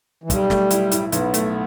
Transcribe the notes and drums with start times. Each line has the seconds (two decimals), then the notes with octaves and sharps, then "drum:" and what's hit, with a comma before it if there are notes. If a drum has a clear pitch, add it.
0.24 E3
0.30 B1 G3, drum: kick, hi-hat
0.50 A3, drum: snare
0.70 E4, drum: hi-hat
0.91 A2, drum: hi-hat
1.12 B1 B3, drum: hi-hat
1.34 A3, drum: hi-hat